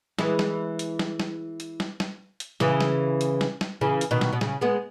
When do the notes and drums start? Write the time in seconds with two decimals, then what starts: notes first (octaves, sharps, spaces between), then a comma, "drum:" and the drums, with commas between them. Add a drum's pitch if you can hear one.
0.19 E3 G#3, drum: snare
0.39 drum: snare
0.79 drum: hi-hat
0.99 drum: snare
1.20 drum: snare
1.60 drum: hi-hat
1.80 drum: snare
2.00 drum: snare
2.40 drum: hi-hat
2.60 C#3 E3, drum: snare
2.81 drum: snare
3.21 drum: hi-hat
3.41 drum: snare
3.61 drum: snare
3.81 C#3 E3
4.01 drum: hi-hat
4.11 B2 D#3
4.21 drum: snare
4.33 B2
4.41 C#3, drum: snare
4.61 G#3 B3